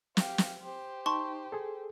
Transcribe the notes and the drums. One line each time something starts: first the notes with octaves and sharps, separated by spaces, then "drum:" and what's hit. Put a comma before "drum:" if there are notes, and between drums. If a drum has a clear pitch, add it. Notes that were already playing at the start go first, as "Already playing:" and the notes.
G4 F5, drum: snare
drum: snare
G4 C5
D#4 A5 C6 C#6
G#4 A4